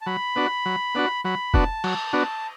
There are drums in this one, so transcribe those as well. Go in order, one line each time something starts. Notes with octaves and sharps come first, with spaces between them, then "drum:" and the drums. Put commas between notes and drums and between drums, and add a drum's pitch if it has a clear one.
A5
F#3 B5
B3 D4 F#4
F#3
B3 D4 F#4
F#3 B5
B3 D4 F#4 A5, drum: kick
F#3, drum: cymbal
B3 D4 F#4